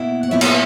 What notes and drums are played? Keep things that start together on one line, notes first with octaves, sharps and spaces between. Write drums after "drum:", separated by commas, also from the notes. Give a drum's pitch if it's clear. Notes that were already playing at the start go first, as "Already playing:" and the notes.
Already playing: B2 A#3 E4
F#5
A#2 F#3 B3 E4 E5
drum: cymbal